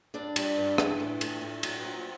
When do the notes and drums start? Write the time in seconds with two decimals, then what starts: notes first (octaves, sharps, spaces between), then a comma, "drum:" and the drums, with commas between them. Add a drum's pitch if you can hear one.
0.14 G2 D4 D5
0.36 G3, drum: cymbal
0.57 G2
0.78 E3, drum: rim click
1.00 A2
1.21 A3, drum: cymbal
1.42 A2
1.63 F#3, drum: cymbal
1.80 B4
1.84 A#2 C4 C5